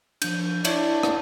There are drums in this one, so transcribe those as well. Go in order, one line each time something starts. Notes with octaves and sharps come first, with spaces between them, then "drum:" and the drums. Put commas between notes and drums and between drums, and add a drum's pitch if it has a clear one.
F3 D4 G6, drum: cymbal
D4 E4 C#5 E5 C#6, drum: cymbal
drum: rim click